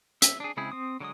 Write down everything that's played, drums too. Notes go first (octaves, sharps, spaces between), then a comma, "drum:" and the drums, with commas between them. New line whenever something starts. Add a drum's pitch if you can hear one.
E5, drum: hi-hat
D4 G#4
C#3 G#3 C4 E4 G#4
C4 D#6
D3 F#3 G#3 D#6